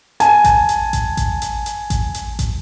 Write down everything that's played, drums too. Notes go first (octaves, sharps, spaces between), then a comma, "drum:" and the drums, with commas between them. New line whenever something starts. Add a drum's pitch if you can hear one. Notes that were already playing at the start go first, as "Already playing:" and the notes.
G#5 A5, drum: hi-hat
drum: kick A1, hi-hat
drum: hi-hat
drum: kick A1, hi-hat
drum: kick A1, hi-hat
drum: hi-hat
drum: hi-hat
drum: kick A1, hi-hat
drum: hi-hat
drum: kick A1, hi-hat